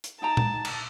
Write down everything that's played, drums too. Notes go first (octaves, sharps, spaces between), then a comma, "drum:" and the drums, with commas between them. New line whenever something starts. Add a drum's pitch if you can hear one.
drum: hi-hat
D#4 G5 A5 A#5
drum: tom A#2
drum: cymbal